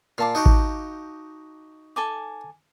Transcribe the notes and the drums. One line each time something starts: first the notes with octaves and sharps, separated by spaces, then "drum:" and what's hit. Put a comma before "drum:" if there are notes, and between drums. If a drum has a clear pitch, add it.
A#2 F5 A5 D6
D#4 F#4 G4
drum: kick G#1
A4 G#5 D6